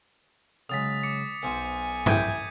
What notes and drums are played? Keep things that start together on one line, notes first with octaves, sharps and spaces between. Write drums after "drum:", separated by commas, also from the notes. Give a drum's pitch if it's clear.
C#3 F#3 G#3 D#6 A6 B6
D6 B6 C#7
B1 C5 D#5 G#5
E4 G5 G6 G#6 D#7, drum: tom G2